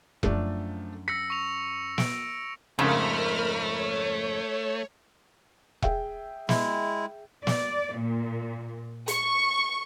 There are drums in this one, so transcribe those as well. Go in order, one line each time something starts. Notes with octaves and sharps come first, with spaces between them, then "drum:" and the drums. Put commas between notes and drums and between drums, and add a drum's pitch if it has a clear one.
F#2 F3 A3 D4, drum: kick E1
E6 A#6 B6 C#7
C#6 F7
D7, drum: snare
F2 G#2 C#3 A3 A#4 B5 F6
C#5
G#4 E5 G5, drum: kick E1
G#3 E4, drum: snare
D5, drum: snare
A#2
C#6, drum: hi-hat